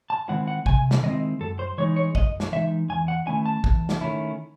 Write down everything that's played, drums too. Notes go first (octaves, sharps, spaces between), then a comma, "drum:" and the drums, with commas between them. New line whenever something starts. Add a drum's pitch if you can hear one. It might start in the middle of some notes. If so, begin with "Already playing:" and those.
A5
D#3 G#3 C4 E4 F#5
F#5
C3 G#5, drum: kick
drum: snare
D#3 G#3 C4 E4 D#5
F#2 A4
C5
E3 G#3 D#4 C#5
C#5
F#2 D#5, drum: kick
drum: snare
E3 G#3 D#4 E5
E2 G#5
F#5
D#3 A3 C#4 E4 G#5
A5
E2, drum: kick
drum: snare
D#3 A3 C#4 E4